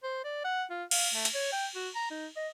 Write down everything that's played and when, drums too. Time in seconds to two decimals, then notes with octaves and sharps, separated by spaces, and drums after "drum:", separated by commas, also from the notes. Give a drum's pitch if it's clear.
0.03 C5
0.24 D5
0.44 F#5
0.70 F4
0.91 F5, drum: cymbal
1.14 A3
1.25 drum: hi-hat
1.34 C#5
1.52 G5
1.75 F#4
1.95 A#5
2.10 D#4
2.36 D#5